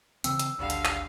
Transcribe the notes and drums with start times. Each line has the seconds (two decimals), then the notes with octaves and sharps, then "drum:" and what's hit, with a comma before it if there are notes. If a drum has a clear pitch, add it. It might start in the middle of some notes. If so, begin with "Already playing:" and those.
0.24 C#3 E3 C4 E6, drum: hi-hat
0.39 drum: hi-hat
0.59 G#1 D2 D3 G3 F5
0.70 drum: hi-hat
0.85 drum: clap